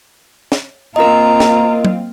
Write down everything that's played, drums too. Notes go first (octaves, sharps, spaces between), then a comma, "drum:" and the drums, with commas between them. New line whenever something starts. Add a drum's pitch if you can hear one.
drum: snare
A#3 C4 F4 A#4 D#5 A#5
drum: snare
drum: tom F#3